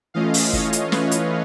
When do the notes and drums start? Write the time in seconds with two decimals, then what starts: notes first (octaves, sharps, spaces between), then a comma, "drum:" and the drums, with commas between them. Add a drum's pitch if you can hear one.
0.14 E3 A3 C#4 F4 D#5 F5
0.34 drum: open hi-hat
0.53 C#5 D#5, drum: kick
0.73 drum: hi-hat
0.92 B4 C#5, drum: snare
1.11 drum: hi-hat